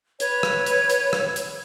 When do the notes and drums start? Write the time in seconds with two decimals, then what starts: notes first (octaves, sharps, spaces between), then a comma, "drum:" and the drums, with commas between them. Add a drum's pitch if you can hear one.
0.20 B4 C#5, drum: hi-hat
0.43 drum: rim click
0.66 drum: hi-hat
0.90 drum: hi-hat
1.13 drum: rim click
1.36 drum: hi-hat